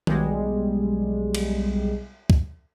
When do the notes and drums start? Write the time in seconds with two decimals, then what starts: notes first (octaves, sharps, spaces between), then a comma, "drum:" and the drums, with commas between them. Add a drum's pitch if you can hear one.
0.07 B1 G3 G#3, drum: tom D#3
1.35 drum: cymbal
2.30 drum: kick C#2